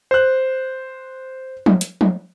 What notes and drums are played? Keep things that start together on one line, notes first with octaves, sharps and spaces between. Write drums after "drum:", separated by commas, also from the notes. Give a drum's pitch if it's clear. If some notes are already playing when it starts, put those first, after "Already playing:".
C5 F#6
drum: tom F3
drum: hi-hat
drum: tom F3